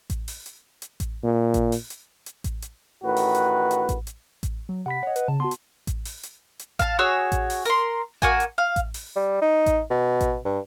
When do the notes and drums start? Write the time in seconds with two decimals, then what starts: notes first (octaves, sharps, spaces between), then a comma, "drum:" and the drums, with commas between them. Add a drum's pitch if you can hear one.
0.10 drum: kick A1, hi-hat
0.28 drum: open hi-hat
0.46 drum: hi-hat
0.82 drum: hi-hat
1.00 drum: kick A1, hi-hat
1.24 A#2
1.54 drum: kick A1, hi-hat
1.72 drum: open hi-hat
1.90 drum: hi-hat
2.26 drum: hi-hat
2.44 drum: kick A1, hi-hat
2.62 drum: hi-hat
3.03 A1 A2 D#3 F#4 B4
3.17 drum: open hi-hat
3.35 drum: hi-hat
3.71 drum: hi-hat
3.89 drum: kick A1, hi-hat
4.07 drum: hi-hat
4.43 drum: kick A1, hi-hat
4.69 F#3
4.86 C3 F#5 B5 B6
5.03 C#5 D#5 F#5
5.16 B4, drum: hi-hat
5.28 C#3 A5
5.40 B3 F#4 A5 C6
5.51 drum: hi-hat
5.87 drum: kick A1, hi-hat
6.05 drum: open hi-hat
6.23 drum: hi-hat
6.59 drum: hi-hat
6.79 F5 A5, drum: kick A1, hi-hat
6.99 F#4 G#4 C#5 E6
7.32 drum: kick A1, hi-hat
7.50 drum: open hi-hat
7.65 A#4 C6, drum: hi-hat
8.22 A#3 F#4 G#5, drum: kick A1, hi-hat
8.40 drum: hi-hat
8.58 F5
8.76 drum: kick A1, hi-hat
8.94 drum: open hi-hat
9.16 G3
9.42 D#4
9.66 drum: kick A1, hi-hat
9.90 B2
10.21 drum: kick A1, hi-hat
10.45 G2